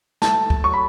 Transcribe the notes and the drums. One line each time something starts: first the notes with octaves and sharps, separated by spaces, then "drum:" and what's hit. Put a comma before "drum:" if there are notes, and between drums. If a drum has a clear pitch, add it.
A3 A5, drum: snare
drum: kick
F#3 C#6
B5